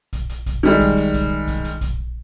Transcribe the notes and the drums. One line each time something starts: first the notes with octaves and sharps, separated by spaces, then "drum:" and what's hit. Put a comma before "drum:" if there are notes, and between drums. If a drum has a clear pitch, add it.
drum: kick A#1, hi-hat
drum: hi-hat
drum: kick A#1, hi-hat
D#3 G3 G#3
drum: kick A#1, hi-hat
drum: hi-hat
drum: kick A#1, hi-hat
drum: kick A#1, hi-hat
drum: hi-hat
drum: kick A#1, hi-hat